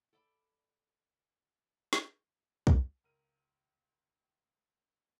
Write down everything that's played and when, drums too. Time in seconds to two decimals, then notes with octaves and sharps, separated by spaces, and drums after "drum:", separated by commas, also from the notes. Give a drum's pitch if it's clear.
0.13 A4 D5 E5 B5
1.93 drum: snare
2.67 drum: kick
3.04 C#2 A#4 F6 D#7